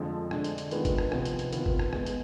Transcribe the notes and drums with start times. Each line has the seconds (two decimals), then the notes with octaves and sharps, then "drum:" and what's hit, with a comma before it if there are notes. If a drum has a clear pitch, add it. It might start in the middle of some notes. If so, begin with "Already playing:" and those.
Already playing: F2 D3 F3 G#3
0.31 D3 G#3 D4, drum: rim click
0.44 drum: hi-hat
0.58 drum: hi-hat
0.71 D#3 G#3 B3 F4, drum: hi-hat
0.85 drum: kick G1, hi-hat
0.98 drum: rim click
1.12 C3 F3 B3, drum: rim click
1.25 drum: hi-hat
1.39 drum: hi-hat
1.53 D#3 B3 F4, drum: hi-hat
1.66 drum: kick G1
1.79 drum: rim click
1.93 B2 G#3 B3, drum: rim click
2.06 drum: hi-hat